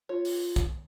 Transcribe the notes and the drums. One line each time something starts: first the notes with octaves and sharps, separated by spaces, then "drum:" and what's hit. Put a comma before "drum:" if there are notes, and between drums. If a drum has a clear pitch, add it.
F4 C#5
drum: open hi-hat
drum: kick, hi-hat